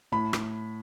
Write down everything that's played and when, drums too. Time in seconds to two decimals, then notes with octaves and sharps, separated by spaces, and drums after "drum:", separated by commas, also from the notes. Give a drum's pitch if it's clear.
0.12 A2 B5
0.33 drum: rim click